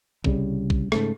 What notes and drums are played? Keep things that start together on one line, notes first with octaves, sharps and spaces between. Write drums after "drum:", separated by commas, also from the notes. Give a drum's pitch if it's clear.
C2 C#3 G3, drum: kick A#1
drum: kick A#1
G#2 C#3 A3, drum: rim click